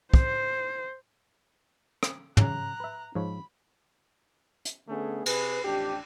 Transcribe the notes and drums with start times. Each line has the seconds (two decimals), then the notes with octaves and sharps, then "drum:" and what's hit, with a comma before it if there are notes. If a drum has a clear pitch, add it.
0.14 C5, drum: kick
2.03 drum: rim click
2.37 C#3 A#5 F#6, drum: tom
2.80 B4 E5
3.15 G#2 F3 C#5 B5
4.65 drum: hi-hat
4.89 D3 A3 B3 C#4 G#4
5.26 C3 G#4 B4, drum: cymbal
5.64 A1 F2 D4 G4